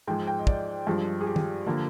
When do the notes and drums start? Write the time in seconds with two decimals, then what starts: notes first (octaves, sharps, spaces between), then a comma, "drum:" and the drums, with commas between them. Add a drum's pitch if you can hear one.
0.08 G#2 F3 G#3 G5
0.27 G5
0.39 D#5
0.47 D5, drum: kick
0.87 G2 F3 G#3
1.21 G#4
1.26 G4
1.36 drum: tom D#3
1.66 D3 F3 A#3